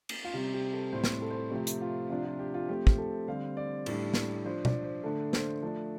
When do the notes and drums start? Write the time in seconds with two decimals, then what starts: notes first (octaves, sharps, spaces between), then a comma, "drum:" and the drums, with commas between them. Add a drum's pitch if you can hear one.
0.09 drum: cymbal
0.24 F4
0.34 C3 G3 C4 G4
0.54 G4
0.73 A4
0.92 A2 G3 C4 C5
1.04 drum: snare
1.22 A4
1.30 C5
1.38 A4
1.51 C3 F3 A3 C4 G4
1.67 drum: hi-hat
1.81 F4
2.10 C3 F3 D4 F4
2.25 F4
2.39 G4
2.54 F4
2.69 F3 A3 C4 G4
2.87 drum: kick
2.98 A4
3.28 D3 G3 C4 F5
3.57 D5
3.86 A2 G3 D4 A4, drum: cymbal
4.14 drum: snare
4.45 F3 D4 C5
4.65 D5, drum: tom B2
4.84 C5
5.03 D3 A3 D4 A4
5.33 C5, drum: snare
5.62 F3 A3 D4 A4